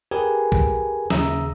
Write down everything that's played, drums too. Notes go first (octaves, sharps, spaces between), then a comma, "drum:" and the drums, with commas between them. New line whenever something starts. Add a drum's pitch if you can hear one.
G4 G#4 A#4 B4 G#5
drum: kick B1
D#2 C#3 E5 A#5 D#6 E6, drum: snare